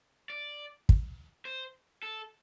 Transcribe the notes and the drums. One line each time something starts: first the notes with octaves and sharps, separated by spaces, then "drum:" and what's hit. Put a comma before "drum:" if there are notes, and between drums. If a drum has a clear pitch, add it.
D5
drum: kick
C5
A4